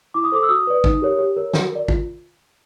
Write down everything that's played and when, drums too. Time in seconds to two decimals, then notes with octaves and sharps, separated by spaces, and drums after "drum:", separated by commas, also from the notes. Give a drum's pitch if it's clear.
0.14 E4 D6
0.24 D#6
0.32 A4 C5 D6
0.43 E6
0.49 F#4 D#6
0.67 B4 D5
0.84 D#4, drum: kick
1.02 G4 A#4 C#5
1.19 G4
1.37 A#4 C#5
1.53 F#4, drum: snare
1.71 A#4 D5
1.88 F4, drum: kick